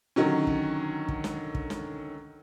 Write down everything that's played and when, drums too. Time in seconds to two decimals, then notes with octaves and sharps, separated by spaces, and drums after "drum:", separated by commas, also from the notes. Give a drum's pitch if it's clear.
0.16 D3 D#3 F#3 C#4
0.47 drum: kick
1.09 drum: kick
1.24 drum: snare
1.55 drum: kick
1.70 drum: snare